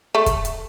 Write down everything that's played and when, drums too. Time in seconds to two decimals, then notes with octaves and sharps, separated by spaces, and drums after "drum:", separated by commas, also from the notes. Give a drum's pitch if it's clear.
0.15 A3
0.26 drum: kick, hi-hat
0.45 drum: hi-hat